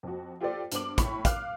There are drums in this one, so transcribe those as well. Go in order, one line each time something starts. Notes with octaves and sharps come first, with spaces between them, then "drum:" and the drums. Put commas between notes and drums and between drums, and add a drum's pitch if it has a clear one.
F2 F#4
F4 G4 A4 C5 D5
G2 B3 C5 D6 F#7, drum: hi-hat
A2 B5 C#6, drum: kick, hi-hat
F5 D6 F6 F#6, drum: kick, hi-hat